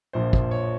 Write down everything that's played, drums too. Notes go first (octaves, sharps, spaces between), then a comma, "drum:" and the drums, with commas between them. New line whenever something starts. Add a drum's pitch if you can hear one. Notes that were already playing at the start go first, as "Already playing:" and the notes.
A#1 A#2 F3 C5
drum: kick
C#5